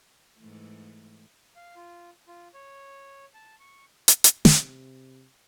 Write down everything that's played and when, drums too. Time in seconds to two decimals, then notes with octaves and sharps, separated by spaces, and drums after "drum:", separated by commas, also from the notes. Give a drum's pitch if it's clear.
0.38 G#2 E3 A3
1.56 F5
1.76 F4
2.28 F4
2.54 C#5
3.34 A5
3.60 C#6
4.08 drum: hi-hat
4.24 drum: hi-hat
4.45 C3, drum: snare